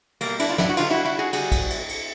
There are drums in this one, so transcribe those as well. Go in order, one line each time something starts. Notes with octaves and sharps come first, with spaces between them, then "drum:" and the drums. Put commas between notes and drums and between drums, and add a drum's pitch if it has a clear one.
B2 G3 A#3, drum: cymbal
D4 E4, drum: cymbal
F4
D4 E4, drum: snare
F#4
D3 G3 D#4 F4, drum: cymbal
E4 F#4
E4 F#4
F#4 G#4
D3 G3 F#4 G#4, drum: cymbal
drum: kick A#1, cymbal
drum: cymbal
drum: cymbal